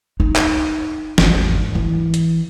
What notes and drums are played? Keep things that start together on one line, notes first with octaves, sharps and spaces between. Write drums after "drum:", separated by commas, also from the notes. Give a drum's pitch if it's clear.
D#4
drum: clap
G#1 E2, drum: snare
E3
drum: hi-hat